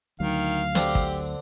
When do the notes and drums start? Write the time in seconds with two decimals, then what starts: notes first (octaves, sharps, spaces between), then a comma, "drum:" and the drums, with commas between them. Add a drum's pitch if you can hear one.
0.20 D2 D#3 F#3 F5
0.75 D3 C4 D4 G4, drum: snare
0.95 drum: kick